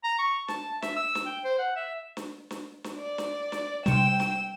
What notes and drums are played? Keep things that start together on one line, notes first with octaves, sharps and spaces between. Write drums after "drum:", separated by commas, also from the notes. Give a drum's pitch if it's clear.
A#5
C#6
A5, drum: snare
E5, drum: snare
E6
drum: snare
G5
C5
F#5
E5
drum: snare
drum: snare
drum: snare
D5
drum: snare
drum: snare
C3 G3 G5 E6, drum: snare
drum: snare